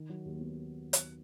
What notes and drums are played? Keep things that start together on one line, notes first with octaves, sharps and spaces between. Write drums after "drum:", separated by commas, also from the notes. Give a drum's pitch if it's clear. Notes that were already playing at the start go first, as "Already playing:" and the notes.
Already playing: D#3
F#3
D#2
B3
drum: hi-hat